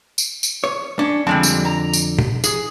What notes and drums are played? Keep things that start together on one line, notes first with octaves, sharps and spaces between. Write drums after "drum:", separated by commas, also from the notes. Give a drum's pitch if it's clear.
drum: tambourine
drum: tambourine
C#5
C#4 D4
F2 D3 G3 G#3 C4 A5
drum: tambourine
A#5
drum: tambourine
drum: tom
G#4, drum: tambourine